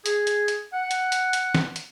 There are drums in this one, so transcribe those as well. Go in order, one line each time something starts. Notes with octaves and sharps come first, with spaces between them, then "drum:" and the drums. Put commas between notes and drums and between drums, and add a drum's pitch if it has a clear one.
G#4, drum: hi-hat
drum: hi-hat
drum: hi-hat
F#5
drum: hi-hat
drum: hi-hat
drum: hi-hat
drum: snare
drum: hi-hat